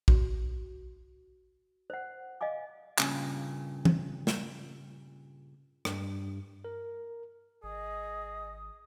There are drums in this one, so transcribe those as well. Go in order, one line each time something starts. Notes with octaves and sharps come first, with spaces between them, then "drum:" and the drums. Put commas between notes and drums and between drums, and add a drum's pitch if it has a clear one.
F#4, drum: kick A#1
C5 F#5
D#5 F5 G#5 D6
G2 A#2 C#3, drum: clap
drum: tom E3
drum: snare
G2, drum: rim click
A#4
G#1 G#4 D#5 D#6